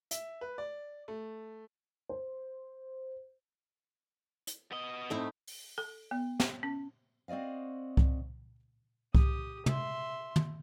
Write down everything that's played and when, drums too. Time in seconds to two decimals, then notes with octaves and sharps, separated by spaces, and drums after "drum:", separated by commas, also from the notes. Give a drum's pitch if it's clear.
0.11 E5, drum: hi-hat
0.41 B4
0.58 D5
1.08 A3
2.09 C5
4.47 drum: hi-hat
4.72 B3 D#5
5.10 A2 A3 C4 D#4 E4
5.47 drum: open hi-hat
5.78 A4
6.11 B3
6.40 G5, drum: snare
6.63 C#4
7.28 C4 F#4 D5 D#5 F5
7.97 drum: kick C2
9.15 G4 D#6, drum: kick C2
9.66 E5 C6, drum: tom
10.36 drum: tom